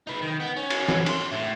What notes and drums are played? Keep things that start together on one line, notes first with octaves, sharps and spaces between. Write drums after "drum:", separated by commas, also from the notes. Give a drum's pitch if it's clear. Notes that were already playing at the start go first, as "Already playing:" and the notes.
D#4 B4
D#3
B3
C#4
drum: cymbal
drum: snare
D4 C6, drum: cymbal
A2